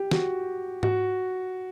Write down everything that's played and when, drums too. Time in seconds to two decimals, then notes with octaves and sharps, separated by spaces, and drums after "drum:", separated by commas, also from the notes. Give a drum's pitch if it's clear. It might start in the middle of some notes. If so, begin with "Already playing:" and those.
Already playing: G4
0.11 F#4, drum: snare
0.83 F#4, drum: tom G#2